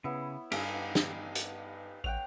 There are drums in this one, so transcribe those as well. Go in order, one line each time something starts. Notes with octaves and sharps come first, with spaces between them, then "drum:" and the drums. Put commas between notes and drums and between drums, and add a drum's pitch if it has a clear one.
C#3 B3 E4 C#5
G2 D#4 G4 F5 G#5, drum: cymbal
drum: snare
drum: hi-hat
A1 C#5 F#5 G5 F7